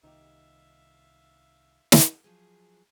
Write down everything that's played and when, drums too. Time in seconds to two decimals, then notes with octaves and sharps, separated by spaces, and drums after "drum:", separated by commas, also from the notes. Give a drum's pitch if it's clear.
0.03 C2 D#3 D#4 G4 E5 F5
1.92 drum: snare
2.24 F3 F#3 G#4